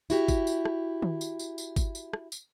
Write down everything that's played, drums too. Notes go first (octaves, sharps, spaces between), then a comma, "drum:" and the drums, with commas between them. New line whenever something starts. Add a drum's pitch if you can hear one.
E4 F#4 G4, drum: tambourine
drum: kick G1, tambourine
drum: tambourine
drum: rim click
drum: tom D#3
drum: tambourine
drum: tambourine
drum: tambourine
drum: kick G1, tambourine
drum: tambourine
drum: rim click
drum: tambourine